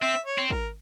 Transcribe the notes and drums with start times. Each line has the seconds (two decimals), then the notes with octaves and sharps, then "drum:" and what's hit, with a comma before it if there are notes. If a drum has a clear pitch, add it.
0.02 C4 E5
0.26 C#5
0.38 C4
0.50 A#4, drum: kick